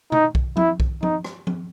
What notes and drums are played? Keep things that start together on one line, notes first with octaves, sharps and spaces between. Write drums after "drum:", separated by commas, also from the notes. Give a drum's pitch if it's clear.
D#4, drum: tom B2
drum: kick B1
E4, drum: tom F3
drum: kick B1
D#4, drum: tom F3
drum: rim click
drum: tom F3